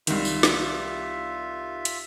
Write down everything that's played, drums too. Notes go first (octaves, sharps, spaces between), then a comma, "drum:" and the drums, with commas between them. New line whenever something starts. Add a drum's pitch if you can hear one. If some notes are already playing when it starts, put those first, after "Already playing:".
C2 D#3 F4 E5, drum: hi-hat
drum: tambourine
drum: snare
drum: hi-hat